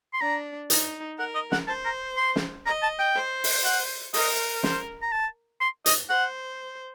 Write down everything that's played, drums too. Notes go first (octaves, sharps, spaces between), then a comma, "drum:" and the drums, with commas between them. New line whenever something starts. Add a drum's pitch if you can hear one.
C6
D4 A#5
D#4, drum: hi-hat
A#4 F#5
D#5
F#5, drum: snare
C5 A5
A#5
C6
drum: snare
D#5 A#5
A5
G5
C5
drum: open hi-hat
F#5
A#4 D#5, drum: open hi-hat
C5, drum: snare
A#5
A5
C6
D#5, drum: hi-hat
C5 F#5